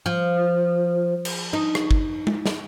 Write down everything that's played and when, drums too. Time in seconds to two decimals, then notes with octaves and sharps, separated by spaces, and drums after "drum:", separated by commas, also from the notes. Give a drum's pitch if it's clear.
0.06 F3
1.25 drum: cymbal
1.53 D#4
1.75 drum: rim click
1.91 drum: kick
2.27 drum: tom G#3
2.46 drum: snare